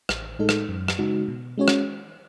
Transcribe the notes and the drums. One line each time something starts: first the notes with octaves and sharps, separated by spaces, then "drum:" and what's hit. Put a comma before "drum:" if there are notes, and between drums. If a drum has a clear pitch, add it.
A1, drum: rim click
A2 G#3 D#4 A4
drum: rim click
F#2
drum: rim click
C#3 G#3 D#4 F#4
B2
G#3 C#4 F#4 C#5
drum: rim click